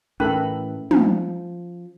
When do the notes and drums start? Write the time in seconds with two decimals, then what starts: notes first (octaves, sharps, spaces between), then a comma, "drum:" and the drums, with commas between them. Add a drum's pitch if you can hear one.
0.20 A2 E3 C#4 A4 A#4 B5
0.91 F3, drum: tom